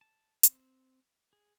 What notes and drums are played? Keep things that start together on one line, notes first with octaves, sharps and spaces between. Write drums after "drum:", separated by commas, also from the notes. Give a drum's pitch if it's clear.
A5
C4, drum: hi-hat
G#4